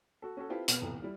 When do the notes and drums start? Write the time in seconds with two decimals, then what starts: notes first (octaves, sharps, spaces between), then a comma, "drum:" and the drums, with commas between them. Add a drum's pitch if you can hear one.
0.22 F#4 A4
0.37 C#4 F#4 A4
0.49 C4 E4 F4 G4 A4 B4
0.68 B2 B3 F6, drum: hi-hat
0.82 D#1 C2 E3 B3 A4 B4
1.02 G3 E4